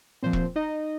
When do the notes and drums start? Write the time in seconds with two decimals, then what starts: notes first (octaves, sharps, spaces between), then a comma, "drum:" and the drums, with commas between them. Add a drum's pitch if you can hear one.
0.23 A#2 F3 C4 C5
0.33 drum: kick E1
0.56 D#4 D#5